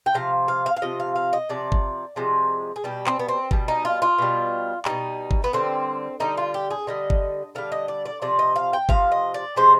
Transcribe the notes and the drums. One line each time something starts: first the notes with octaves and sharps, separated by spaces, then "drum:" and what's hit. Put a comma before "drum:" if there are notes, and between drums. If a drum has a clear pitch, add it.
G5
C3 F3 F5
F5
F5
F5
C3 F3 D#5
F5
F5
D#5
C3 F3 D5
drum: kick
C3 F3 G#3
G#4
B2 G3 G4
C4, drum: clap
B3
C4
B2 G3, drum: kick
D#4
F4
F4
B2 G3
B2 G3 D#4, drum: clap
drum: kick
B3
D3 G3 C4
D3 G3 D#4
F4
G4
G#4
D3 G3 D#5
drum: kick
D3 G3 F5
D#5
D5
D5
C3 F3 D5
D#5
F5
G5
C3 F3 F5, drum: kick
D#5
D5
C3 F3 G#3 C5